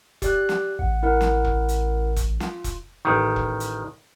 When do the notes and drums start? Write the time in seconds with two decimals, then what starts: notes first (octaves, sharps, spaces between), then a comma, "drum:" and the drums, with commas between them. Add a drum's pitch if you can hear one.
0.22 G4 D5 F#6, drum: kick E1, hi-hat
0.49 drum: snare
0.79 A1 F#5
1.03 E4 A#4 F#5
1.21 drum: snare
1.45 drum: kick E1
1.69 drum: hi-hat
2.16 drum: kick E1, hi-hat
2.40 F4, drum: snare
2.64 drum: kick E1, hi-hat
3.05 A1 D#3
3.36 drum: kick E1
3.60 drum: hi-hat